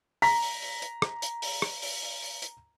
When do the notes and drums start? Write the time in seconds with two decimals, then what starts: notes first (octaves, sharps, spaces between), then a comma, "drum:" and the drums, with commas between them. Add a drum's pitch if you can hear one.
0.22 A#5 B6, drum: open hi-hat
0.42 drum: open hi-hat
0.62 drum: open hi-hat
0.82 drum: hi-hat
1.02 drum: rim click
1.22 drum: hi-hat
1.42 drum: open hi-hat
1.62 drum: rim click
1.82 drum: open hi-hat
2.02 drum: open hi-hat
2.22 drum: open hi-hat
2.42 drum: hi-hat